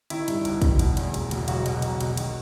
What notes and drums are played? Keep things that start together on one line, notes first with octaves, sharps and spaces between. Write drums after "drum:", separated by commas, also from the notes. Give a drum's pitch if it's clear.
D#3 E4, drum: cymbal
G2, drum: cymbal
G1, drum: cymbal
G1, drum: kick, cymbal
B2, drum: cymbal
E2, drum: cymbal
E1, drum: cymbal
E1, drum: cymbal
B1 F#4, drum: cymbal
B2, drum: cymbal
B1, drum: cymbal
B2, drum: cymbal
D#3, drum: cymbal